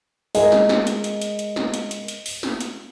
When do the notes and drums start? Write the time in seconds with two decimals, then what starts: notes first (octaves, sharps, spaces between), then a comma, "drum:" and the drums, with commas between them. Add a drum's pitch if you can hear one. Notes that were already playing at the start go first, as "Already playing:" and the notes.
0.35 G#3 G#4 A#4 D#5, drum: open hi-hat
0.52 drum: snare
0.69 drum: snare
0.87 drum: hi-hat
1.04 drum: hi-hat
1.21 drum: hi-hat
1.39 drum: hi-hat
1.56 drum: snare
1.74 drum: hi-hat
1.91 drum: hi-hat
2.08 drum: hi-hat
2.26 drum: open hi-hat
2.43 drum: snare
2.60 drum: hi-hat